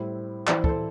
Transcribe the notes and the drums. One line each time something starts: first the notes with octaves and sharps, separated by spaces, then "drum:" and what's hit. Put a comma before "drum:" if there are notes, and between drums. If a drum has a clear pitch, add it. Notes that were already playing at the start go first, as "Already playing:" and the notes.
Already playing: A2 G3 C4 E4
E3 C4 E4 D5, drum: clap
A4, drum: kick
C5